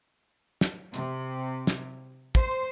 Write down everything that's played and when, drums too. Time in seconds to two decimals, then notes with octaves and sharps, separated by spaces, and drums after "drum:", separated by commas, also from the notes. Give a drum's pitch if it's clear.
0.61 drum: snare
0.94 C3, drum: hi-hat
1.67 drum: snare
2.35 C5, drum: kick